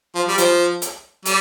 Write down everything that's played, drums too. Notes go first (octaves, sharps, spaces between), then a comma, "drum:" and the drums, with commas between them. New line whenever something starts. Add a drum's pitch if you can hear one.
F3
G3
F3, drum: hi-hat
drum: hi-hat
G3, drum: hi-hat